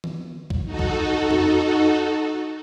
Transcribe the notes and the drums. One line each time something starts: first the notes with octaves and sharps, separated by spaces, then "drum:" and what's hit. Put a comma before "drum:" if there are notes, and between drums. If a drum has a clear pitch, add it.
drum: tom D#3
drum: kick
D#4 F#4 A4
drum: kick
drum: tom F2